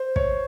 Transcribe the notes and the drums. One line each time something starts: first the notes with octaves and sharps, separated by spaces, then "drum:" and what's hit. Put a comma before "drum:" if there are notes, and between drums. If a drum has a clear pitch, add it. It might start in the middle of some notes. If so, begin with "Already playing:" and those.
Already playing: C5
C#5, drum: kick